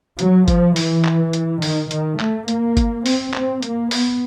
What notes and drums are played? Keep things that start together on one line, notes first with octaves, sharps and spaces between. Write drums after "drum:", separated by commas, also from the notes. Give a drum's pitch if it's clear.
F#3, drum: hi-hat
F3, drum: kick G1, hi-hat
E3, drum: open hi-hat
drum: clap
drum: hi-hat
D#3, drum: open hi-hat
D#3, drum: hi-hat
A3, drum: clap
A#3, drum: hi-hat
drum: kick G1, hi-hat
C4, drum: open hi-hat
C4, drum: clap
A#3, drum: hi-hat
B3, drum: open hi-hat